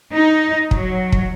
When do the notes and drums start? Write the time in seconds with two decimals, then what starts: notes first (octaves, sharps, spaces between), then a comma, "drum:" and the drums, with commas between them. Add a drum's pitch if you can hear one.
0.13 D#4
0.71 F#3, drum: kick
1.12 drum: kick